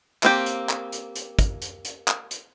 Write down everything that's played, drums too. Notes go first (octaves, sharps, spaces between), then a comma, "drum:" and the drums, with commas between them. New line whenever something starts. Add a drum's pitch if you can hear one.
A#3 C4 G4, drum: clap
drum: hi-hat
drum: clap
drum: hi-hat
drum: hi-hat
drum: kick, hi-hat
drum: hi-hat
drum: hi-hat
drum: clap
drum: hi-hat